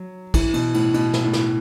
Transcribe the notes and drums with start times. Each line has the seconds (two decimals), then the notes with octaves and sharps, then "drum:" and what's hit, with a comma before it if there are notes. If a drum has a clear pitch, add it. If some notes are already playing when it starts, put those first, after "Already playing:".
Already playing: F#3
0.34 E3, drum: kick, cymbal
0.54 B2, drum: cymbal
0.74 A2, drum: cymbal
0.94 B2, drum: cymbal
1.14 drum: snare
1.24 A2
1.33 drum: snare